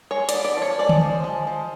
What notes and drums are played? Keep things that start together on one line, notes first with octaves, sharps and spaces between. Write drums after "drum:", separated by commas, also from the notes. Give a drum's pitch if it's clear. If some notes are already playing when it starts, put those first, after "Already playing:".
G#3 C#5
D5, drum: hi-hat
B3
D5
F3 C#5
G#3 D5
drum: tom D3
F3
G#3
F3